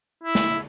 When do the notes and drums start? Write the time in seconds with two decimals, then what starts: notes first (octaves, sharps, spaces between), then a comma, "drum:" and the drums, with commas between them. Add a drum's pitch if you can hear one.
0.24 E4
0.35 drum: snare